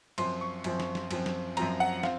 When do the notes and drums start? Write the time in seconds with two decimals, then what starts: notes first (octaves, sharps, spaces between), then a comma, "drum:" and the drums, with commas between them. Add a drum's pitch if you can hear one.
0.18 F#2 F3 C4 C6, drum: cymbal
0.41 C#6
0.64 F#2 F3 C4, drum: cymbal
0.80 drum: snare
0.95 drum: snare
1.11 F#2 F3 C4, drum: cymbal
1.26 drum: snare
1.57 F#2 F3 C4 A#5, drum: cymbal
1.80 F#5
2.03 C4 F5, drum: snare